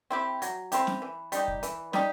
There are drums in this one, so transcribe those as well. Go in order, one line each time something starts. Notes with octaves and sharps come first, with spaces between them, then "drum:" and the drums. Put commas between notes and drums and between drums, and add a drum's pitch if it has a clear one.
C4 E4 G4
F#3, drum: hi-hat
C4 E4 G4, drum: hi-hat
drum: snare
E3
G3 D#4 G4, drum: hi-hat
drum: kick
E3, drum: hi-hat
G3 D#4 G4, drum: snare